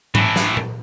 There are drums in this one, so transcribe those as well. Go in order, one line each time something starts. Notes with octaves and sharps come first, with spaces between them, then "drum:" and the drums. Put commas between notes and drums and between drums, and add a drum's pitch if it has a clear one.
A2 E3, drum: tom G#2
drum: snare
drum: tom A#2